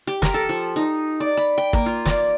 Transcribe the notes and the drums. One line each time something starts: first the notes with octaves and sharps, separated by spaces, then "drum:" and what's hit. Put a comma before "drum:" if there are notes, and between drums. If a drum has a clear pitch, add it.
G4
A#4, drum: snare
A4
F3
D#4
D5
B5
G5
A#3, drum: kick
F4
D5, drum: snare